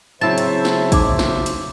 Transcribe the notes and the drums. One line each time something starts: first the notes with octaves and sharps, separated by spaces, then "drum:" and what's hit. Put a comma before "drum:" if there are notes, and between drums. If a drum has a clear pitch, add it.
C#3 F#3 C4 E4 C5 E5 A5
drum: hi-hat
drum: snare
D#4 D6, drum: kick, hi-hat
drum: snare
drum: hi-hat